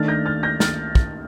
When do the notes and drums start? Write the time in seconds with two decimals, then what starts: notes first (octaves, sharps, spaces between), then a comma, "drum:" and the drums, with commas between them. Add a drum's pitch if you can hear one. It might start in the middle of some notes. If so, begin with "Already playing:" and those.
Already playing: D#3 A3 D4 F6 A6
0.08 G6 A#6
0.25 F6 A6
0.43 G6 A#6
0.60 F6 A6, drum: snare
0.95 drum: kick